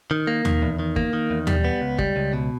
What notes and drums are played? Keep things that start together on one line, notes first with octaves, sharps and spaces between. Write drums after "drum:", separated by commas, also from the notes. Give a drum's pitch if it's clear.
D#3
A#3
D#3, drum: tom D#2
E2
D#3
A#3, drum: kick
D#3
E2
G3, drum: tom D#2
B3
C#2
G3, drum: kick
C#2
B2